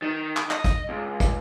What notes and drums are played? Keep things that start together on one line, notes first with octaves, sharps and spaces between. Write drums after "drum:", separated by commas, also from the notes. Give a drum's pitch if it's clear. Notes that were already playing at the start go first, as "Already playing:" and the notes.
D#3
drum: clap
D#5, drum: clap
drum: kick, hi-hat
C#2
drum: kick, hi-hat